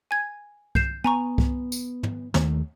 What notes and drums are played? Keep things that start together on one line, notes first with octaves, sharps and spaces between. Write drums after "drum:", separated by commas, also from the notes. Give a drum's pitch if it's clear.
G#5 G#6
G6 C7 E7, drum: kick C2
B3 G#5 A#5 C#6
drum: kick C2
drum: tambourine
drum: tom
D#2 D#3 A3, drum: snare